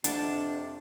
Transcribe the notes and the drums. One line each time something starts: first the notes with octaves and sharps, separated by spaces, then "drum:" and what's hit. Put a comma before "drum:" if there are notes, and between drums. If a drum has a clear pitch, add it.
F2 C3 D4 F#5 G5 A5, drum: hi-hat